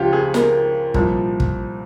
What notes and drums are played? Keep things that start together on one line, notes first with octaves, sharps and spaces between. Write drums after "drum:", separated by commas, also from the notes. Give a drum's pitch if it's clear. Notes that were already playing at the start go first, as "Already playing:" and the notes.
Already playing: C#2 C#3 F3 F4 G4
G#4
A#4, drum: snare
C2 A#2 F3, drum: kick
drum: kick